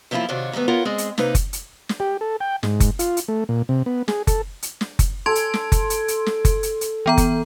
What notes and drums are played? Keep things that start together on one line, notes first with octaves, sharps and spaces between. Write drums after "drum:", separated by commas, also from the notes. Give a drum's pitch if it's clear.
F#2 F3 A#3 C#4 E4 F4
C3 D#3 F4 F#4 C#5 D5
G#2 D#3 G3 A3 B3
B3 F4 A#4 C#5 F#5
G#3 C4 G#4 D5 D#5
drum: hi-hat
C3 A#3 D#4 B4, drum: snare
drum: kick F#1, hi-hat
drum: hi-hat
drum: snare
G4
A4
G5
G#2, drum: snare
drum: kick F#1, hi-hat
F4, drum: hi-hat
drum: hi-hat
A3
A#2
C3
B3
G#4, drum: snare
A4, drum: kick F#1, hi-hat
drum: hi-hat
drum: snare
drum: kick F#1, hi-hat
A4 C6 G#6 D7
drum: hi-hat
drum: snare
drum: kick F#1, hi-hat
drum: hi-hat
drum: hi-hat
drum: snare
drum: kick F#1, hi-hat
drum: hi-hat
drum: hi-hat
E3 B3 A#5
drum: kick F#1, hi-hat